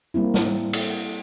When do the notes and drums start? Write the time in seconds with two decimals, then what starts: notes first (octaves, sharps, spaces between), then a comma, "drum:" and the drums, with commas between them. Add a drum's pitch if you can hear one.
0.14 G3 A#3 C4 E4
0.34 drum: snare
0.73 drum: cymbal